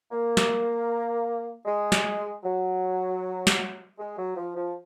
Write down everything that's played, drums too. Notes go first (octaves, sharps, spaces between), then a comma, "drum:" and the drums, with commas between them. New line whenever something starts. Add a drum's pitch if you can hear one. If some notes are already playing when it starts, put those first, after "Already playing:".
A#3
drum: snare
G#3
drum: snare
F#3
drum: snare
G#3
F#3
F3
F3